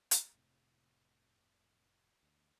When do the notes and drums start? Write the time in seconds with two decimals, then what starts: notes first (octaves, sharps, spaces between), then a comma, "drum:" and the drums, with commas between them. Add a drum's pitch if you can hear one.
0.11 drum: hi-hat
0.33 F1 A2 C3
2.23 D2